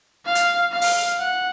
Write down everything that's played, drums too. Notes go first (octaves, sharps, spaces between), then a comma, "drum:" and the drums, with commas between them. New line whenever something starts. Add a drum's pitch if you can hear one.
F5
drum: hi-hat
F5
drum: open hi-hat
F#5